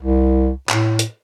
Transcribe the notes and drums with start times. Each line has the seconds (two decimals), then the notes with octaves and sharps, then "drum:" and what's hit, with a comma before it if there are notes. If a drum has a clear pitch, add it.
0.02 C2
0.69 A2, drum: clap
0.99 drum: hi-hat